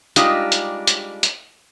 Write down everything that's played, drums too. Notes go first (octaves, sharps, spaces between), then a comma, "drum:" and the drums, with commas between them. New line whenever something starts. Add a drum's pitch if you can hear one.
G3 G#3 D4 D#4 F4 G4, drum: hi-hat
drum: hi-hat
drum: hi-hat
drum: hi-hat